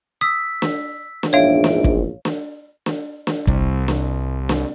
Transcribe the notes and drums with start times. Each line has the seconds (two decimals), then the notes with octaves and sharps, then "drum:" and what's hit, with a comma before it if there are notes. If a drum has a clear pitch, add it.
0.21 D#6 E6 B6
0.62 drum: snare
1.23 drum: snare
1.33 A#1 E2 G#2 D4 C#5 E5 F5 D7
1.64 drum: snare
1.84 drum: kick
2.25 drum: snare
2.86 drum: snare
3.27 drum: snare
3.47 C2, drum: kick
3.88 drum: snare
4.49 drum: snare